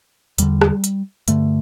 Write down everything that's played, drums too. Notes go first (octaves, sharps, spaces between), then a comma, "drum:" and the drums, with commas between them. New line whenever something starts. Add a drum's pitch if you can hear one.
E2 D3 G3, drum: hi-hat
drum: rim click
drum: hi-hat
G2 D3 A3, drum: hi-hat